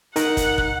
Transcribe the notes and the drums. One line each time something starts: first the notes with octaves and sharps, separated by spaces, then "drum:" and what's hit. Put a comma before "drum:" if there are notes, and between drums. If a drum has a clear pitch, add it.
D#4 A#4 F#5, drum: hi-hat
drum: kick, hi-hat
drum: kick